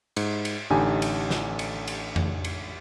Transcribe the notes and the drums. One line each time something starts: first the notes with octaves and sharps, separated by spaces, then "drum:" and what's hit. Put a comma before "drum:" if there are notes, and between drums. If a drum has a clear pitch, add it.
G#2, drum: cymbal
drum: cymbal
A1 D3 D#4 G4 G#5
drum: cymbal
drum: snare
drum: cymbal
drum: cymbal
drum: tom F2
drum: cymbal